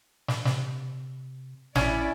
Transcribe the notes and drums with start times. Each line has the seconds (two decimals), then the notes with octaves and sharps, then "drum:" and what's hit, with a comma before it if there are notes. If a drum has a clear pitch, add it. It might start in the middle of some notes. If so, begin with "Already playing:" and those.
0.28 drum: snare
0.45 C3, drum: snare
1.76 A1 C#4 E4 D5, drum: snare